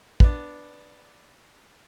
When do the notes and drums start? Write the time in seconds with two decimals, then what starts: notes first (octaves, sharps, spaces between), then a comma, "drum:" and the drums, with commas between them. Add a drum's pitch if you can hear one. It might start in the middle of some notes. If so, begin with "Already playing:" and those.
0.20 B3 D4, drum: kick